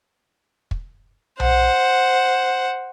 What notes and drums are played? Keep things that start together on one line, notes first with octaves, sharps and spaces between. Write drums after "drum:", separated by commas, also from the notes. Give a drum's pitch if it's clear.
drum: kick
C5 F#5, drum: tom B1